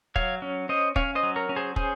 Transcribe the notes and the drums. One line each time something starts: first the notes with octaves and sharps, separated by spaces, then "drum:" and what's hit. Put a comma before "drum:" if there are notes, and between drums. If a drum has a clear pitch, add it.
F#3 C#5 F5, drum: kick
C#4
C#4 C5 D#5
C#4 C#5 F5, drum: kick
C5 D#5
F#3
A#4 C#5
C#4
G#4 C5
C#4 G#4 C5, drum: kick